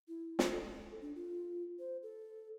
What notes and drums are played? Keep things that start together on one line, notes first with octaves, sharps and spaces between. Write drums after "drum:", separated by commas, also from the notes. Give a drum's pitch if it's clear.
E4
drum: snare
A4
D4
F4
C5
A4